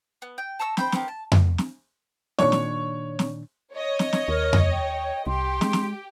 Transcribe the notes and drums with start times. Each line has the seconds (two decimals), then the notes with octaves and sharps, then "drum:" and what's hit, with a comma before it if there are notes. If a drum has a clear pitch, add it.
0.22 B3
0.38 G5
0.59 A5 A#5 C#6 E6
0.77 C5 G5 B5, drum: snare
0.92 B3 C4 G4 A#4, drum: snare
1.08 A5
1.32 drum: tom F2
1.58 drum: snare
2.39 A#2 D#3 D4 C#5 C#6, drum: snare
2.52 drum: snare
3.19 drum: snare
3.72 C#5 D#5
3.99 drum: snare
4.13 drum: snare
4.28 D#2 A#4
4.53 drum: tom F2
4.72 G5
5.27 C2 G4 C6
5.61 G#3, drum: snare
5.73 drum: snare